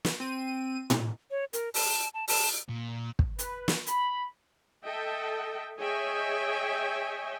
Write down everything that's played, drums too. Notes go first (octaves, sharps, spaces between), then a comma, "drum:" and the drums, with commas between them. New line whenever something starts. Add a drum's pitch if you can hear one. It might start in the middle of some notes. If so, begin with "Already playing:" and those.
drum: snare
C4 D#7
drum: tom A2
C#5
A#4, drum: hi-hat
A5, drum: open hi-hat
A5
A5, drum: open hi-hat
A#2
drum: kick
B4, drum: hi-hat
drum: snare
B5, drum: hi-hat
A4 D#5 E5 G5
G#4 C#5 D#5 E5 G5 G#5